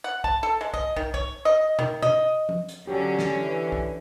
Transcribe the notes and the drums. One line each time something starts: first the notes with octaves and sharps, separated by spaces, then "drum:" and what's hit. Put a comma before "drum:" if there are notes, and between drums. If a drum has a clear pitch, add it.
F#5
A5, drum: kick
A4
G#3
D#5, drum: kick
D#3, drum: kick
C#5, drum: kick
D#5
D#3, drum: tom B2
D#5, drum: tom B2
drum: tom
drum: hi-hat
D3 F#3 C#4 G4
drum: snare
E3
drum: kick